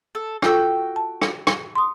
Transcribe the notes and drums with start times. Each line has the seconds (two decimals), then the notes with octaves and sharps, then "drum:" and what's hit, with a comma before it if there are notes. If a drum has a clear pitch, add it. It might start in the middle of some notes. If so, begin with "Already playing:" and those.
0.15 A4
0.42 F4 F#4 A4 G5 E6, drum: rim click
0.96 A5
1.22 drum: rim click
1.47 drum: rim click
1.75 C6 D#6